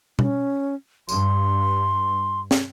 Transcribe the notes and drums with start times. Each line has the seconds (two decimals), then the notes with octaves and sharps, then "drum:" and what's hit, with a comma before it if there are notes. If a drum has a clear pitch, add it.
0.19 C#4, drum: tom B2
1.09 G2 C6, drum: tambourine
2.51 drum: snare